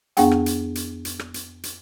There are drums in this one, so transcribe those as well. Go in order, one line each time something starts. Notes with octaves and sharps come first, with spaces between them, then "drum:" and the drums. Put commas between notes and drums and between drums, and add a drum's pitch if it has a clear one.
F2 B3 D4 G#4 F#5 G5, drum: hi-hat
drum: rim click
drum: hi-hat
drum: hi-hat
drum: hi-hat
drum: rim click
drum: hi-hat
drum: hi-hat